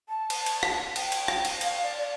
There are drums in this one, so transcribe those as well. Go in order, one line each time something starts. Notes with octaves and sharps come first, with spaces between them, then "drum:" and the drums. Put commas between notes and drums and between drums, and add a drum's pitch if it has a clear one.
A5
drum: cymbal
drum: cymbal
drum: rim click
G5, drum: cymbal
drum: cymbal
drum: rim click
drum: cymbal
F5, drum: cymbal
D5
D5